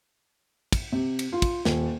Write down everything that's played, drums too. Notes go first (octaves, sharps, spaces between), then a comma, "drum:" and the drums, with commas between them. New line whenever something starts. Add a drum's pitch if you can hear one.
drum: kick, cymbal
C3
drum: cymbal
F4
drum: kick, cymbal
D#1, drum: snare